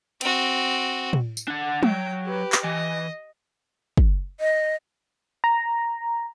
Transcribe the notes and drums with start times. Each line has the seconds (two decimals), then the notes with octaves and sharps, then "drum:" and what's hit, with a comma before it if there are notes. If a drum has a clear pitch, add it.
0.21 C4 F#4, drum: cymbal
1.13 drum: tom
1.37 drum: tambourine
1.48 D4 F#5
1.83 F#3 G5, drum: tom
2.24 G4 B4
2.52 drum: clap
2.64 E3 D#5
3.97 drum: kick
4.40 D#5
5.44 A#5